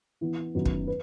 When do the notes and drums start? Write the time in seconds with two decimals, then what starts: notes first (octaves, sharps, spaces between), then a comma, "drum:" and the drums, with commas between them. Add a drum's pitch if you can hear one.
0.21 E3 B3 E4
0.55 F#2 D#3 F#3 B3 F#4
0.66 drum: kick
0.87 B4